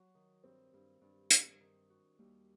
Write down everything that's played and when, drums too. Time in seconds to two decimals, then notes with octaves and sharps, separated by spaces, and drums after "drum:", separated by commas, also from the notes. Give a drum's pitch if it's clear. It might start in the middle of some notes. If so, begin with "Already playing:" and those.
Already playing: F#3 F#4
0.15 D#3
0.44 G2 C4
0.74 G2
1.01 G2
1.30 D#3, drum: hi-hat
1.60 D#3
1.90 F#4
2.19 D#2 G3